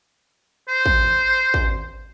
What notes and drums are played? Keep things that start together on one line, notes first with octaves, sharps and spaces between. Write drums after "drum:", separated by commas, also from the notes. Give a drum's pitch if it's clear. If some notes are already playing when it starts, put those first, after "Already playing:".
C5
drum: kick
drum: kick